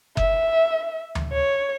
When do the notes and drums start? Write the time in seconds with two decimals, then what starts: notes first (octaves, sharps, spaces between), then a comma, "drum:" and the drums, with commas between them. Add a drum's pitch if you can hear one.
0.17 E5, drum: kick F#1
1.15 drum: tom D2
1.32 C#5